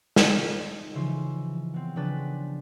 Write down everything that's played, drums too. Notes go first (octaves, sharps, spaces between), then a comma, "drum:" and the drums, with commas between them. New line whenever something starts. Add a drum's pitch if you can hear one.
drum: snare
D#4
C#3 E3 F3 F4
B3 C4
C#3 F3 D4 B4 A6